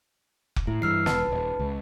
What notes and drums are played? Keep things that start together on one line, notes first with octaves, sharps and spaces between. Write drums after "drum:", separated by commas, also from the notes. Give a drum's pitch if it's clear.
drum: kick F1
A2 E4
G2 E3 E6 F6 C7
E1 B4 A5, drum: snare
D#1 G#1
C#2